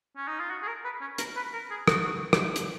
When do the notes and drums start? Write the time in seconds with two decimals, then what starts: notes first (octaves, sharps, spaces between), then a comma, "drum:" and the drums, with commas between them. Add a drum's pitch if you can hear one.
0.17 C#4
0.27 D#4
0.39 F4
0.50 F#4
0.62 G#4
0.67 A#4
0.84 B4
1.01 C#4
1.18 A#4, drum: hi-hat
1.36 B4
1.53 A#4
1.70 G#4
1.88 F#4, drum: rim click
2.04 F#4
2.33 drum: rim click
2.56 drum: hi-hat